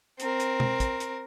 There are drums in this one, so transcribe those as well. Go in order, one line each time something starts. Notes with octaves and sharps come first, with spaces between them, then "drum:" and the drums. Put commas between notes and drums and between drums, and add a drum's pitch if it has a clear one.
C4 A#4, drum: hi-hat
drum: hi-hat
drum: tom B2
drum: kick, hi-hat
drum: hi-hat